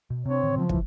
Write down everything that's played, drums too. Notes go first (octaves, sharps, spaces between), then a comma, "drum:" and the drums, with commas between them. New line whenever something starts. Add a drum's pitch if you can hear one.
B2
C3 C4 D4 C#5
A2 D3 D#3
C#3 F3 F#3 G#3
E3, drum: kick